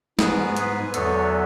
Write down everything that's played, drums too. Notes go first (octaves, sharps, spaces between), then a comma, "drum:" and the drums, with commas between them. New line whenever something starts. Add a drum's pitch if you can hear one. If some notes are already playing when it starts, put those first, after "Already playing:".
G#2 G#3 B3 G#4 B4, drum: snare
G#4 B4, drum: hi-hat
E2 D3 F#3 B3 A4 C#5, drum: hi-hat